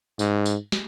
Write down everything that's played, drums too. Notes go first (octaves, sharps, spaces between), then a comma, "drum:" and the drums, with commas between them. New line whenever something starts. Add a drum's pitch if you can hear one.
G#2, drum: tambourine
drum: tambourine
drum: snare